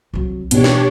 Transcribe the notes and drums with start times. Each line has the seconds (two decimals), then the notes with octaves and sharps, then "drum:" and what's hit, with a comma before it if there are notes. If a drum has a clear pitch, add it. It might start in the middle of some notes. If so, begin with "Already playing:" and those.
0.14 C2 F#3
0.51 B2 E3 D4 G4 C#5, drum: hi-hat
0.64 drum: snare